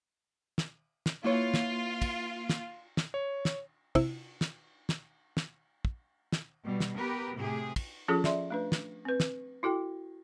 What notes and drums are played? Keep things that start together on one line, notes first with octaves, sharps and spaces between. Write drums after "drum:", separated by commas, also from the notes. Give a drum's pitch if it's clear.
drum: snare
drum: snare
A#3 E4 F4 B4 C#5
drum: snare
drum: kick, cymbal
drum: snare
drum: snare
C#5
drum: snare
C3 E4, drum: kick, cymbal
drum: snare
drum: snare
drum: snare
drum: kick
drum: snare
B2 G3
drum: snare
B3 G4 A#4 B4
A2 C3 G4 G#4
drum: kick, cymbal
F3 C#4 F4 G#4 A4
D5 E5 C6, drum: snare
A3 D4 B4
drum: snare
C4 B4
drum: snare
E4 F#4 A4 G5